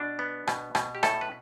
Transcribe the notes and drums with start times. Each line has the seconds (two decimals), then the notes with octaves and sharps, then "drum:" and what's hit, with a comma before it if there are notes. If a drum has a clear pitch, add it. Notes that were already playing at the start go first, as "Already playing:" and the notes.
Already playing: B2 D4
0.19 B3
0.47 B2, drum: rim click
0.75 B2, drum: rim click
0.95 G4
1.03 A2 A4, drum: rim click
1.21 B4